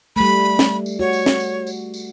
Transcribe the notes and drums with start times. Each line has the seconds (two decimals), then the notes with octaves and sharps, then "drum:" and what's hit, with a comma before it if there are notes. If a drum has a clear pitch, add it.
0.16 G3 A3 B5
0.59 drum: snare
0.86 drum: tambourine
0.99 F#4 C#5
1.13 drum: tambourine
1.26 drum: snare
1.40 drum: tambourine
1.67 drum: tambourine
1.94 drum: tambourine